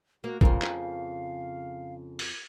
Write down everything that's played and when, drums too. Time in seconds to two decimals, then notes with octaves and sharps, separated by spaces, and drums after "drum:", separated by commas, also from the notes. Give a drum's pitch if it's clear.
0.24 A#3 F#4
0.41 F2 G#2 C#3 A#4 F5, drum: kick
0.62 drum: clap
2.19 drum: open hi-hat